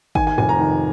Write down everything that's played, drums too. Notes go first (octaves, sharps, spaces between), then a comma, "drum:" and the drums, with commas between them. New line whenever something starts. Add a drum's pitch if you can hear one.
D#3 G#5, drum: kick G#1
G#5
F1 G#5
A#5
D#3